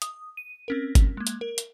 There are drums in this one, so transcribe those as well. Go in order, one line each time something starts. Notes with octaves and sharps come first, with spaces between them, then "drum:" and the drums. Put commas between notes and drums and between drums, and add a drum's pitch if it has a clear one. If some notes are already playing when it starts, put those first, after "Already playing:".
D#6, drum: hi-hat
D#7
C4 C#4 A#4
drum: kick, hi-hat
G#3 A#3
drum: hi-hat
A#4
drum: hi-hat